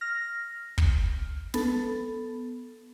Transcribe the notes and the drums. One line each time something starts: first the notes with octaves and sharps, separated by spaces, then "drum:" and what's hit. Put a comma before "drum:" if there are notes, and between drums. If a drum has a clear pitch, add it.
F6 A#6
drum: kick
B3 A4, drum: snare